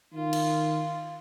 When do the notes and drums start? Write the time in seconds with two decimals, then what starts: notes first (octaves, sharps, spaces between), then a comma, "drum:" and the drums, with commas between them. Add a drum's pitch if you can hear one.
0.14 D#3 F4
0.33 drum: cymbal